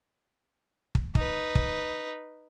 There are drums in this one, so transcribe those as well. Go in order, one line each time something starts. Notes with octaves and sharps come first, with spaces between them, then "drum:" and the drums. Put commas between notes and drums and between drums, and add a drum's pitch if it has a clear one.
drum: kick
D#4 B4, drum: kick
drum: kick